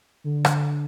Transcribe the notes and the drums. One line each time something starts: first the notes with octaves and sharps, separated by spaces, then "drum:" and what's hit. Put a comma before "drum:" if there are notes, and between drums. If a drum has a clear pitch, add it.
D3
drum: rim click